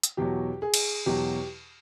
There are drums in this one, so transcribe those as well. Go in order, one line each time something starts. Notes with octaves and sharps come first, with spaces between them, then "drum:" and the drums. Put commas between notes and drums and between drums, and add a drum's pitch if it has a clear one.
drum: hi-hat
E2 B2 F#3 G4
G#4
drum: cymbal
E2 B2 F#3 G4